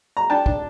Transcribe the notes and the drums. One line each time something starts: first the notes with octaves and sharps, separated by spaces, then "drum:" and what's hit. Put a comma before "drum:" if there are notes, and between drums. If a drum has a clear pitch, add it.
A#5
D4 G5 A5
D4, drum: kick